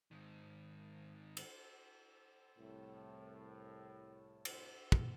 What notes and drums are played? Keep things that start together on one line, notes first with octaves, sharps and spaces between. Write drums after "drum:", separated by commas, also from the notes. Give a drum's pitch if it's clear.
G#2 D#3
drum: cymbal
C2 A2
drum: cymbal
drum: kick